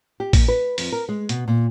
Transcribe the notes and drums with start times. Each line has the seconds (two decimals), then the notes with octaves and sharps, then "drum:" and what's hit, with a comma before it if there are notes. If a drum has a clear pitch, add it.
0.20 G4
0.33 A#2, drum: kick, open hi-hat
0.48 B4
0.78 F2, drum: open hi-hat
0.92 A#4
1.09 G#3
1.29 B2, drum: hi-hat
1.48 A#2